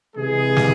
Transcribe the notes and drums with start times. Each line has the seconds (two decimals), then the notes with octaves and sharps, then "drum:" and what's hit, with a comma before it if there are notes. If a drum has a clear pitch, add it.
0.16 C3 E3 G#3 G#4
0.56 drum: snare